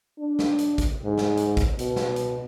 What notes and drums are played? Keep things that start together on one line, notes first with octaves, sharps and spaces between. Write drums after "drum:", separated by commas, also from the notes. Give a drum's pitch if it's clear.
D4
drum: snare
drum: hi-hat
drum: kick, hi-hat
G#2
drum: snare
drum: hi-hat
drum: kick, hi-hat
B2, drum: hi-hat
drum: snare
drum: hi-hat